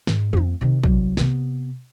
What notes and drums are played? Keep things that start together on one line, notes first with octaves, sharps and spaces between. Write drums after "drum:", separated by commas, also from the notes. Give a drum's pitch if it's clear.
G#2, drum: snare
F2 C4, drum: tom
C3 D#3
C2 F#3, drum: kick
C3 B3, drum: snare